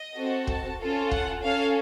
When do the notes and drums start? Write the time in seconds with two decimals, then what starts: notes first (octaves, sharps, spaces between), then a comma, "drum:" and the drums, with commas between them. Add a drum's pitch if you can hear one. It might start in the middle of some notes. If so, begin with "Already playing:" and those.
Already playing: D#5
0.16 C4 F#4 A4
0.47 A5, drum: kick
0.79 C#4 F4 A4
1.11 F#5, drum: kick
1.42 C#4 A4 F5